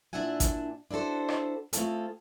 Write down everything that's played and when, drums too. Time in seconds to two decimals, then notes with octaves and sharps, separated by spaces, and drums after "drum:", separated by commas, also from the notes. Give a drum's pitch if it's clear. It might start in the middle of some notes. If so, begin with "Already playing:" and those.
0.13 A#2 D4 E4 E5 F#5 G#5
0.40 drum: kick, hi-hat
0.91 D4 E4 F#4 A4 C5
1.28 drum: rim click
1.73 A3 C4 F4 G#4 A4, drum: hi-hat